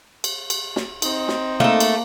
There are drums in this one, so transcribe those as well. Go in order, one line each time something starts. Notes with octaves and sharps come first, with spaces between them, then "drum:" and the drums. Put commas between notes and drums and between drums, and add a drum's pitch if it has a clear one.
drum: cymbal
drum: cymbal
drum: snare
C4 D#4, drum: cymbal
drum: snare
A3 A#3 A4
drum: cymbal